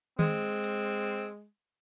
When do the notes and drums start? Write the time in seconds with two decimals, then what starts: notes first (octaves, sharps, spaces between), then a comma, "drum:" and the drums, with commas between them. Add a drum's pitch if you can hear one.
0.19 G#3 C4, drum: tom D#3
0.64 drum: hi-hat